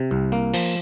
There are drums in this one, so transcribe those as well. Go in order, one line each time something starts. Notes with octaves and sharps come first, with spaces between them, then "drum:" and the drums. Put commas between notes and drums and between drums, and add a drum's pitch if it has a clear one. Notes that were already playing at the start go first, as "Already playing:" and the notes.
Already playing: C3
C2
A#3
F3, drum: cymbal